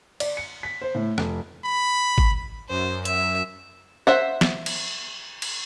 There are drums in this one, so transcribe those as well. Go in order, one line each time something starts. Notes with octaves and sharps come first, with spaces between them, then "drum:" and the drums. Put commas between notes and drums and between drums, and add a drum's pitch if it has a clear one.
D5, drum: cymbal
C#7
B6
C5
A2
F1, drum: rim click
B5
drum: kick
F#2 C5
E5, drum: hi-hat
C5 E5 F#5
drum: snare
drum: cymbal
drum: cymbal